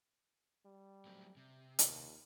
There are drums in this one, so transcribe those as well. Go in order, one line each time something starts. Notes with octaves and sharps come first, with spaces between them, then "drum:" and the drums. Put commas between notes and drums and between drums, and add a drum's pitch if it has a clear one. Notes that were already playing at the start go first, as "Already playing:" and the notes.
G3
F#3 A3 C4
C3
D#2, drum: hi-hat